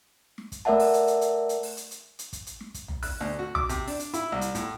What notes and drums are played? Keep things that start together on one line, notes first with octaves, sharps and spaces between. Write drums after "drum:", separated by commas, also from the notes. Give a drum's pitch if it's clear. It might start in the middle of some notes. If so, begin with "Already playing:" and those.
drum: snare
drum: kick, hi-hat
A3 A#4 D5 E5 F#5 A5
drum: open hi-hat
drum: hi-hat
drum: hi-hat
drum: hi-hat
drum: hi-hat
drum: open hi-hat
drum: hi-hat
drum: hi-hat
drum: hi-hat
drum: kick, hi-hat
drum: hi-hat
drum: snare
drum: kick, hi-hat
drum: tom
F#6, drum: open hi-hat
D2
F#4
D6, drum: tom
C3, drum: hi-hat
D4, drum: open hi-hat
drum: hi-hat
E4, drum: hi-hat
C2
drum: hi-hat
A2, drum: kick, hi-hat